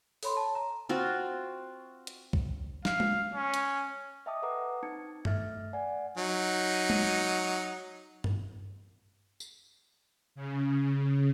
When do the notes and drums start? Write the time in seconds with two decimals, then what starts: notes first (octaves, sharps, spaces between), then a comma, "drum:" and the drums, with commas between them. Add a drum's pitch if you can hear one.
0.23 A4 C#5 B5 C6, drum: open hi-hat
0.37 A5
0.55 A#5
0.89 C4 F4 F#4
2.07 drum: hi-hat
2.33 drum: kick
2.85 F5, drum: snare
3.00 drum: tom G#3
3.34 C#4
3.54 drum: hi-hat
4.26 D#5 E5 G5 A5 D6 D#6
4.42 A4 B4 F#5 A#5 D6 D#6
4.83 C4 D#4 A5 G#6 C#7
5.25 A3 A4 E5 F6 A6, drum: tom G2
5.73 D5 F#5 G#5
6.18 F#3 D#4
6.90 drum: tom G#3
8.24 drum: tom G2
9.40 drum: tambourine
10.35 C#3